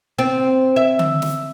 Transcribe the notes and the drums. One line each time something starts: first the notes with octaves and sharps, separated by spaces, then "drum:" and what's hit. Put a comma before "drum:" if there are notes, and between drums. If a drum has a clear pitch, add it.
C4
E5
drum: tom D3
drum: snare